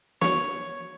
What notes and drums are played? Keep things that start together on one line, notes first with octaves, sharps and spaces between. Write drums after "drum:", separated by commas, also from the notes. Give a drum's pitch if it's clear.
C#5, drum: snare